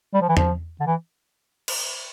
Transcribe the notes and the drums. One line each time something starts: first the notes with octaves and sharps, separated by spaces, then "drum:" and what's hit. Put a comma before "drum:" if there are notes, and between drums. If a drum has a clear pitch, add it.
G3
F3
E3
F3, drum: tom E2
D3
E3
drum: cymbal